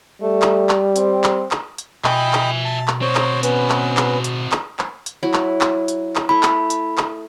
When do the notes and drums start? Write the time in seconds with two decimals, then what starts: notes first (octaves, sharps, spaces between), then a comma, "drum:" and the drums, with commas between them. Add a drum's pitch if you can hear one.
0.22 G3 A3
0.42 drum: clap
0.69 drum: clap
0.96 C4, drum: hi-hat
1.24 drum: clap
1.51 drum: clap
1.78 drum: hi-hat
2.04 B2 D#5 E5 G5 G#5 B5, drum: clap
2.33 drum: clap
2.65 A5
2.88 drum: clap
3.01 C4 F#4 C5 C#5
3.15 drum: clap
3.43 B3 C#4 B4, drum: hi-hat
3.70 drum: clap
3.97 drum: clap
4.24 drum: hi-hat
4.52 drum: clap
4.79 drum: clap
5.06 drum: hi-hat
5.23 F#3 E4
5.34 drum: clap
5.61 drum: clap
5.88 drum: hi-hat
6.16 drum: clap
6.29 A3 E4 B5
6.43 drum: clap
6.70 drum: hi-hat
6.98 drum: clap